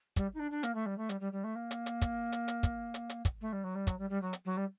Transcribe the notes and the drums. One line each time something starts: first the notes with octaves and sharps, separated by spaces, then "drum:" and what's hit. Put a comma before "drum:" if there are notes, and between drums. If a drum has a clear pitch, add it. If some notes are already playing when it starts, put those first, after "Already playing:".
G3, drum: kick, hi-hat
D#4
D4
D4
A#3, drum: hi-hat
A3
G3
A3
G3, drum: hi-hat
G3
G3
A3
A#3
drum: hi-hat
drum: hi-hat
drum: kick, hi-hat
drum: hi-hat
drum: hi-hat
drum: kick, hi-hat
drum: hi-hat
drum: hi-hat
drum: kick, hi-hat
A3
G3
F#3
G3
F#3, drum: kick, hi-hat
G3
G3
F#3
drum: hi-hat
F#3
G3